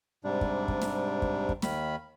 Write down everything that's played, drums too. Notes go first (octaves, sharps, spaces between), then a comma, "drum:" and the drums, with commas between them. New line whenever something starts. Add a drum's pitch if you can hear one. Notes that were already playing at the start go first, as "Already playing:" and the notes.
G#2 C3 G3 D4
drum: kick
drum: kick
drum: snare
drum: kick
drum: kick
D#2 D#3 B5, drum: snare